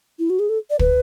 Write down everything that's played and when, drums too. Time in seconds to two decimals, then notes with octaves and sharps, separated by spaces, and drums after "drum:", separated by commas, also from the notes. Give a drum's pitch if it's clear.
0.19 E4
0.30 F#4
0.39 G#4
0.49 A4
0.70 D5
0.80 B4, drum: kick